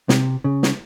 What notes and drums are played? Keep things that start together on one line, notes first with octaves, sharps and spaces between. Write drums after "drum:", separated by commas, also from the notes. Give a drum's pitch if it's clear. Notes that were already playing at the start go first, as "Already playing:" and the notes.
C3, drum: snare
C#3
drum: snare